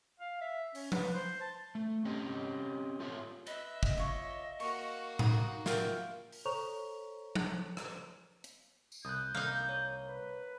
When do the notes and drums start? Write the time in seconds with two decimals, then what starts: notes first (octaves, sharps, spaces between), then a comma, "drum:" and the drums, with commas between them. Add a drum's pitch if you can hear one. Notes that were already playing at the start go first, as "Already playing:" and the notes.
0.20 F5
0.41 E5
0.75 C#4, drum: open hi-hat
0.92 B4, drum: tom F3
1.15 C5
1.41 A5
1.75 A3
2.05 C4 C#4 G4 D#5
3.00 F4 G#4 C#5 E5
3.47 B4 D#5 E5, drum: hi-hat
3.83 drum: kick
3.98 F4 C#5 D6
4.60 A#3 F#4 C#6, drum: open hi-hat
5.19 D#4 D#6, drum: tom A2
5.66 F4 A#4 E5 G5, drum: snare
6.32 drum: open hi-hat
6.45 A4 C5 C#5 A#5 C#6 F7
7.35 drum: tom F3
7.77 drum: rim click
8.44 drum: hi-hat
8.92 drum: tambourine
9.05 C2 D#6 F#6 G6
9.35 C2 A#3 D#4
9.69 C#5
10.08 B4